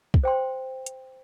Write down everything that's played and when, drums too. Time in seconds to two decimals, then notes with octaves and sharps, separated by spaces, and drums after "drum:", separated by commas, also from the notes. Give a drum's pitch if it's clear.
0.14 drum: kick
0.24 C5 G5 C6
0.86 drum: hi-hat